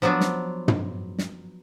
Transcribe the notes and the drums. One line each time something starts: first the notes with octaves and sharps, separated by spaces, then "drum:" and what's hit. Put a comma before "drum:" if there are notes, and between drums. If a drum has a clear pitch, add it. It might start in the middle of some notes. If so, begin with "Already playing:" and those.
F3 F#3 B3 D4
drum: snare
drum: tom
drum: snare